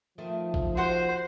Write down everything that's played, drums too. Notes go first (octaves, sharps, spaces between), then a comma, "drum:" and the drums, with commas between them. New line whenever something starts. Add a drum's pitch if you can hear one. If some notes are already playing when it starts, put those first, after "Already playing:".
D#3 F3 A3 C4
drum: kick A#1
F#4 C5 F#5 C6